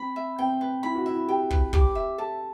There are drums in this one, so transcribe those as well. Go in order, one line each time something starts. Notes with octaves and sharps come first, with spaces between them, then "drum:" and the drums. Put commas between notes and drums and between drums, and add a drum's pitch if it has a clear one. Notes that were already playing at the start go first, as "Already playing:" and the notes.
Already playing: C4 B5
E5
C4 G5
B4
E4 B5
F#4
E4 E5
G4 G5
B4, drum: kick
G4 D6, drum: kick
E5
A4 A5